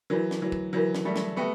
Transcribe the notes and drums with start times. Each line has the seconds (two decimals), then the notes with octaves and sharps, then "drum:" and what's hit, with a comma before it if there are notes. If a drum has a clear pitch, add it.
0.10 E3 F#3 D4 F4 A#4
0.31 drum: snare
0.42 E3 F#3
0.52 drum: kick
0.73 E3 F#3 D4 F4 A#4
0.95 drum: snare
1.05 G3 A3
1.16 drum: snare
1.37 A3 B3 G4 C5 E5 G5